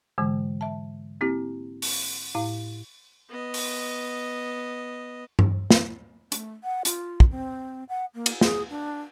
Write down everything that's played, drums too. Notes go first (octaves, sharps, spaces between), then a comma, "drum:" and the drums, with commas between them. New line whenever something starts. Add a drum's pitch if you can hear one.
G#2 D3 E3 G#3
E5 A5
A#3 C4 E4 G4
drum: open hi-hat
A2 E4 F5
B3 D#5
drum: open hi-hat
drum: tom G2
drum: snare
A3, drum: hi-hat
F#5
F4, drum: hi-hat
drum: kick
C4
F#5
A#3
drum: cymbal
G#4, drum: snare
D4